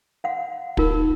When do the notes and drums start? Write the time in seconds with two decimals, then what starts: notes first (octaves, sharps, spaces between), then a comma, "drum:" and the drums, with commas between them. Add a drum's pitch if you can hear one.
0.24 F5 F#5
0.77 D#4 F4 A#4, drum: kick